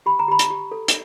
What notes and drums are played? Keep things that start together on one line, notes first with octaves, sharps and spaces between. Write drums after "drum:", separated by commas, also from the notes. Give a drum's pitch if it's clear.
G4 B5
A#5
G4 B5
drum: hi-hat
G4
A4
drum: hi-hat